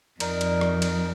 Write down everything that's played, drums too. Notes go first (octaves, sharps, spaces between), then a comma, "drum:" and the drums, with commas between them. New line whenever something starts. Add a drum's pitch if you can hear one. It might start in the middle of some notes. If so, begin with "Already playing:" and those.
F2 D#4 A#4 D5, drum: cymbal
drum: cymbal
drum: rim click
drum: cymbal